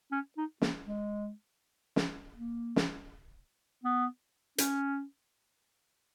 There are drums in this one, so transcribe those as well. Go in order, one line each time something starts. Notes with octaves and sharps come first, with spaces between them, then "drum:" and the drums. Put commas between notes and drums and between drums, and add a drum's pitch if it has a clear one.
C#4
D#4
A#3, drum: snare
G#3
drum: snare
A#3
drum: snare
B3
C#4, drum: hi-hat